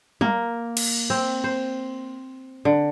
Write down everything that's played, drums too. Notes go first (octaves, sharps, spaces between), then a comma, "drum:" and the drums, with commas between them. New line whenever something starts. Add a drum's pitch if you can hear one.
A#3, drum: tom
drum: cymbal
C4
C5
D3